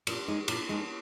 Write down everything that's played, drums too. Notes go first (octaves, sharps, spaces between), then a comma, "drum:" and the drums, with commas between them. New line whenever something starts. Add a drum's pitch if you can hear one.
A#2, drum: cymbal
G#3 D#4 G#4
A#2, drum: cymbal
G#3 D#4 G#4